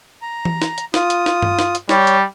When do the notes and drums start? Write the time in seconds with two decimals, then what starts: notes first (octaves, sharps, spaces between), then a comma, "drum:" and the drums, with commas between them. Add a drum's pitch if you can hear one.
0.22 A#5
0.45 drum: tom E3
0.62 drum: snare
0.78 drum: hi-hat
0.94 F4 D#6, drum: snare
1.10 drum: hi-hat
1.26 drum: snare
1.42 drum: tom G2
1.59 drum: snare
1.75 drum: hi-hat
1.89 G3 C#5, drum: snare
2.07 drum: hi-hat